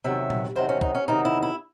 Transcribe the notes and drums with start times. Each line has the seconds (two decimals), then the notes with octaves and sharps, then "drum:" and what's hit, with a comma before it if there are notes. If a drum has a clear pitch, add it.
0.04 E2 C3 D#3 F#3 E5
0.30 drum: tom A#2
0.55 E2 C3 D#3 F#3 C5
0.69 C#4
0.81 D#4, drum: kick
0.95 C#4
1.08 E2 C3 D#3 F#3 D#4
1.25 E4
1.42 E4